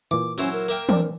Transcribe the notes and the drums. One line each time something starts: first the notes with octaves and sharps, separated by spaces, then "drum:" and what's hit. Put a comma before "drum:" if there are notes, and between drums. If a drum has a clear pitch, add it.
A#2 E3 D6
F#3 C#4 E4 C5
A#4
A#3 E5 G5
C4 D4 D5, drum: tom E3